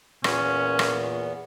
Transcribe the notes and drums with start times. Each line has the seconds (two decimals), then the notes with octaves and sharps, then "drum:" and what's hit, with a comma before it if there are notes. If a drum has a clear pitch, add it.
0.24 E2 A#2 B3 C#4, drum: rim click
0.79 drum: rim click